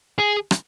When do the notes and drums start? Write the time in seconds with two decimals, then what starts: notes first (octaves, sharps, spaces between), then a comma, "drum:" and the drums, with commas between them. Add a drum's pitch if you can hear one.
0.18 G#4
0.51 drum: rim click